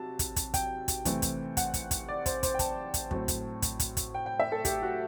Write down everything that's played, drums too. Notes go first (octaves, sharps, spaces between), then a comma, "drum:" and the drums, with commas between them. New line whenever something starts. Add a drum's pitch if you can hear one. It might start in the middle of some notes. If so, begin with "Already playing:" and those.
Already playing: C3 F#3 A5
drum: kick, hi-hat
drum: kick, hi-hat
G5, drum: kick, hi-hat
drum: kick, hi-hat
C3 E3 A3 C4, drum: kick, hi-hat
drum: kick, hi-hat
F#5, drum: kick, hi-hat
drum: kick, hi-hat
drum: kick, hi-hat
D5
C5, drum: kick, hi-hat
C5, drum: kick, hi-hat
G5
A5, drum: kick, hi-hat
drum: kick, hi-hat
A2 F#3 A3 C4, drum: kick
drum: kick, hi-hat
drum: kick, hi-hat
drum: kick, hi-hat
drum: kick, hi-hat
G5
G5
E5
A4
G4, drum: kick, hi-hat
F#4